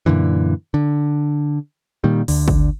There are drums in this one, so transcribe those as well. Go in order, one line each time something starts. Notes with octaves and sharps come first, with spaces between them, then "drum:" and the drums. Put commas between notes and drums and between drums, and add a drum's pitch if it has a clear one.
F#2 A#2 D3 E3
D3
A#2 D#3 G3
D2 D3, drum: open hi-hat
drum: kick